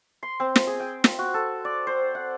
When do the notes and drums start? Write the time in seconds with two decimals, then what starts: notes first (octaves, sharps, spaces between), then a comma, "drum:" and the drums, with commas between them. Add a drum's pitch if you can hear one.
0.23 C6
0.40 C4
0.56 drum: snare
0.67 G#4
0.80 G5
1.04 drum: snare
1.19 F#4
1.34 A4
1.65 D5
1.87 C5
2.15 F#5